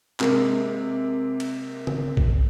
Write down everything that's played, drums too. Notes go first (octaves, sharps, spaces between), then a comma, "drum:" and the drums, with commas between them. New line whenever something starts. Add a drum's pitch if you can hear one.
C3 G#3 A#3, drum: clap
drum: cymbal
drum: tom C#3
drum: kick A#1